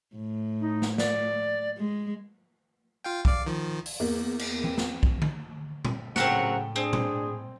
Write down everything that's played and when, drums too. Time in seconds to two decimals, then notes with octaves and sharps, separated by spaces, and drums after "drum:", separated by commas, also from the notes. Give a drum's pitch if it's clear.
0.16 A2
0.61 D#4
0.82 drum: snare
0.98 D5, drum: snare
1.77 G#3
3.04 F4 F5 G5
3.25 D5 F5 D6, drum: kick B1
3.46 D#3 F3
3.86 drum: open hi-hat
4.00 E2 A#3
4.39 drum: cymbal
4.64 E3 C4
4.78 drum: snare
5.03 drum: kick B1
5.22 drum: tom D3
5.85 drum: tom A#2
6.16 A2 C#3 F#3 C4 A4 A#4 F#5 G5, drum: snare
6.76 C4 D4 G#4
6.93 drum: tom A#2